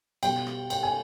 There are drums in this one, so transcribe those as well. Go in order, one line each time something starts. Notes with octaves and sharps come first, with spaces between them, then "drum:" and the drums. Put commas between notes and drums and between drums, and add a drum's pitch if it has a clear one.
B2 G3 G5, drum: cymbal
drum: rim click
G5, drum: cymbal
G#5